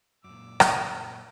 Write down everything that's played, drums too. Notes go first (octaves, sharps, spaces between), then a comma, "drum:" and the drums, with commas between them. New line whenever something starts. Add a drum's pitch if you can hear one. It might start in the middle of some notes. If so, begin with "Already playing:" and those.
F#2 A#2 D6 E6
drum: rim click